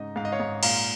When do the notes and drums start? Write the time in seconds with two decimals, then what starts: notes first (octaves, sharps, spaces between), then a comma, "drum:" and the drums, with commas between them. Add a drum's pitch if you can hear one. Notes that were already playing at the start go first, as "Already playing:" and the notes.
Already playing: G#2 C#3 D#4 D#5
0.16 G#2 F5
0.25 D#5
0.32 C#5 F5
0.40 G#2
0.63 A#2 F5 A#5, drum: cymbal